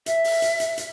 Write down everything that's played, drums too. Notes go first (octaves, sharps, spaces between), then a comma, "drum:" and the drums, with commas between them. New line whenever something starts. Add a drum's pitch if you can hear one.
E5, drum: hi-hat
drum: open hi-hat
drum: hi-hat
drum: hi-hat
drum: hi-hat